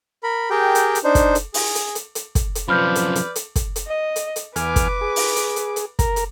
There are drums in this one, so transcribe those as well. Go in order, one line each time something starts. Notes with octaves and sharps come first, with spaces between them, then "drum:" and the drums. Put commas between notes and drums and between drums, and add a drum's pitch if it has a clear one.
A#4 B5
G4 G#4 A#4 G5
drum: hi-hat
drum: hi-hat
D4 D#4 C5
drum: kick, hi-hat
drum: hi-hat
G#4, drum: open hi-hat
drum: hi-hat
drum: hi-hat
drum: hi-hat
drum: kick, hi-hat
drum: hi-hat
F#2 C3 F3 B4 D5 B5 F6 G6
drum: hi-hat
drum: hi-hat
drum: hi-hat
drum: kick, hi-hat
drum: hi-hat
D#5
drum: hi-hat
drum: hi-hat
E2 B4 G#5 D6 F6, drum: hi-hat
drum: kick, hi-hat
G#4
drum: open hi-hat
drum: hi-hat
drum: hi-hat
drum: hi-hat
A#4 A#5, drum: kick, hi-hat
drum: hi-hat